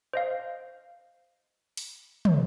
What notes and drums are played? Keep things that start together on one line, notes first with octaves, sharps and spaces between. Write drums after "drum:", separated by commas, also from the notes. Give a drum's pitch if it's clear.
C5 D#5 F5
drum: open hi-hat
drum: tom